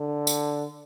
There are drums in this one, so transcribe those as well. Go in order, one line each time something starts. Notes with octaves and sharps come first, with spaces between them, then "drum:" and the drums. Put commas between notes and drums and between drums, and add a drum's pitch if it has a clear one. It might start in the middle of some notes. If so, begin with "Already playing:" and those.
Already playing: D3
drum: tambourine